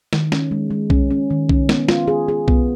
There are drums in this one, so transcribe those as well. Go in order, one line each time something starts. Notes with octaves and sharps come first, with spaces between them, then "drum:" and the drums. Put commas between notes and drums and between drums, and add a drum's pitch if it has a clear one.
D#3, drum: snare
C#4, drum: snare
G#3
G#3
C#4, drum: kick B1
C#4
D#3
C#4, drum: kick B1
B3, drum: snare
F4, drum: snare
G#4
G#4
B3, drum: kick B1